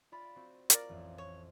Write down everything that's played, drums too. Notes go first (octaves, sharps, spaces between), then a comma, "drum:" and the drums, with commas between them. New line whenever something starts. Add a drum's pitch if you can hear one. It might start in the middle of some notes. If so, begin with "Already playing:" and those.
F4 D5 B5
C4 F#4
F4 A#4 D5, drum: hi-hat
A1 F2
C#5